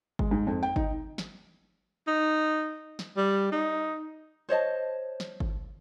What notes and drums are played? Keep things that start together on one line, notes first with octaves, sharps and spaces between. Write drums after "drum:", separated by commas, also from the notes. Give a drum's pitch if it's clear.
G#3, drum: kick G1
G#2
F2
G5
D#4, drum: kick G1
drum: snare
D#4
drum: snare
G3
D#4
C5 C#5 D#5 A5
drum: snare
drum: kick G1